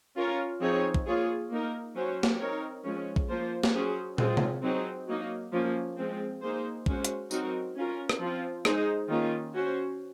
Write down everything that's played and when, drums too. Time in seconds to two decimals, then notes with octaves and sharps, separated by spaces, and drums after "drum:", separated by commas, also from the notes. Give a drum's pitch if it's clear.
0.16 C#4 F4 A#4 C#5
0.61 F3 C4 D#4 G#4 C#5
0.95 drum: kick
1.06 A#3 F4 G#4 C#5
1.50 A#3 D#4 A#4
1.95 F#3 C#4 F#4 C5
2.23 drum: snare
2.39 C4 D#4 A#4 C#5
2.84 F3 G#3 C#4
3.16 drum: kick
3.29 F3 A#3 F4 C5
3.64 drum: snare
3.73 F#3 C#4 G#4 C5
4.18 G#3 C4 F4 G#4, drum: tom
4.37 drum: tom
4.63 F#3 C4 D#4 G#4
5.07 F#3 A#3 D#4
5.52 F3 A#3 C#4
5.97 F3 G#3 C4
6.42 A#3 D#4 G#4 C5
6.86 G#3 C#4 F#4 C5, drum: kick
7.05 drum: hi-hat
7.31 F#3 C4 D#4 F#4 A#4, drum: tambourine
7.76 C#4 F4 A#4
8.09 drum: rim click
8.20 F3 C4 F4
8.65 G#3 D#4 G#4 C5, drum: rim click
9.09 D#3 A#3 C#4 F4
9.54 C#4 F#4 C5